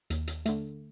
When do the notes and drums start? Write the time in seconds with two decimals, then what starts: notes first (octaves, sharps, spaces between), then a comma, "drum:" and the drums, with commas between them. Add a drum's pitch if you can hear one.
0.10 D#2, drum: hi-hat
0.27 drum: hi-hat
0.46 D3 A3, drum: hi-hat